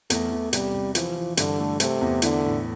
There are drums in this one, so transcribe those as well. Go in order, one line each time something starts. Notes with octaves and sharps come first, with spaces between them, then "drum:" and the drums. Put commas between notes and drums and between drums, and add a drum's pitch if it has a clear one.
E2 A3, drum: hi-hat
E2
C3 G3, drum: hi-hat
C3
E3 F3, drum: hi-hat
E3
G2 D3, drum: hi-hat
A3
C3 A3, drum: hi-hat
E2
D3 E4, drum: hi-hat
A2